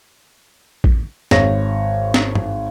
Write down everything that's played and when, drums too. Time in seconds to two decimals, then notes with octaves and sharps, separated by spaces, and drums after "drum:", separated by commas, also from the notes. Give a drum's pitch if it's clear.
0.84 drum: kick A1
1.31 G#1 C#5 A#6, drum: snare
2.14 drum: snare
2.35 drum: tom G2